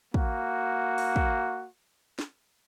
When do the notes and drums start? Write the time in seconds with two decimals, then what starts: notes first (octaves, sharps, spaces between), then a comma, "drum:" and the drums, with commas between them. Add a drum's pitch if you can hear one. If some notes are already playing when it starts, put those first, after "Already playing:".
0.14 A#3 F#4, drum: kick
0.98 drum: open hi-hat
1.16 drum: kick
2.19 drum: snare